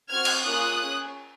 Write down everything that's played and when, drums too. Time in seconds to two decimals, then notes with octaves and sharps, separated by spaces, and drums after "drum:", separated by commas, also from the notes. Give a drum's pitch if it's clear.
0.11 C4 F#4 F6 G#6
0.25 drum: cymbal
0.45 A#3 C#4 F4 G#4 D#6 F#6
0.79 C#4 G#4